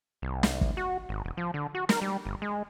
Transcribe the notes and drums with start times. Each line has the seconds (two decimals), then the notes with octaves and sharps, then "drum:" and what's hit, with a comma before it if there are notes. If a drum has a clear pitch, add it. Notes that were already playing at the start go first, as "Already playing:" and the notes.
0.22 C2
0.43 drum: snare
0.61 drum: kick G1
0.77 F#4
1.09 G#1
1.25 E1
1.37 F3
1.54 D3
1.75 F#4
1.89 A#4, drum: snare
2.02 G3
2.25 G1
2.42 G#3